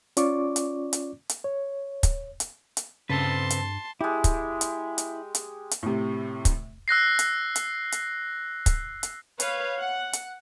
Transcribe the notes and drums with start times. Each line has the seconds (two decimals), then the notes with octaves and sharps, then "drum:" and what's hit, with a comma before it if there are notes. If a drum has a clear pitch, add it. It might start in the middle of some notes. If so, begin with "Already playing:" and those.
0.17 C#4 F4 D5 C#6 D6, drum: hi-hat
0.56 drum: hi-hat
0.93 drum: hi-hat
1.29 drum: hi-hat
1.44 C#5
2.03 drum: kick, hi-hat
2.40 drum: hi-hat
2.77 drum: hi-hat
3.10 G2 C#3 C4 A4 B4 A5 C6
3.50 drum: hi-hat
4.01 G#3 E4 G4
4.24 drum: kick, hi-hat
4.61 drum: hi-hat
4.98 drum: hi-hat
5.35 drum: hi-hat
5.71 drum: hi-hat
5.83 A2 C3
6.45 drum: kick, hi-hat
6.88 E6 F#6 A#6 C7
7.19 drum: hi-hat
7.56 drum: hi-hat
7.92 drum: hi-hat
8.66 drum: kick, hi-hat
9.03 drum: hi-hat
9.40 B4 C#5 F5, drum: hi-hat
9.79 F#5
10.13 drum: hi-hat